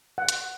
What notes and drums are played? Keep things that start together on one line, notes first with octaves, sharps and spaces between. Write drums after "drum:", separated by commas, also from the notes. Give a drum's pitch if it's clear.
F#5
drum: hi-hat